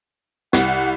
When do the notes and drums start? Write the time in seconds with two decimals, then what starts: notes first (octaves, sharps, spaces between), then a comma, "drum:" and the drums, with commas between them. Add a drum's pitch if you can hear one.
0.53 C2 F#5, drum: snare